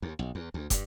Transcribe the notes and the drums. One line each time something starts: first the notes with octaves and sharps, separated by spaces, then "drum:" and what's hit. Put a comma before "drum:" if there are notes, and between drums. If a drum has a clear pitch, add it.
D#2
B1
E2
D2
G2, drum: kick, hi-hat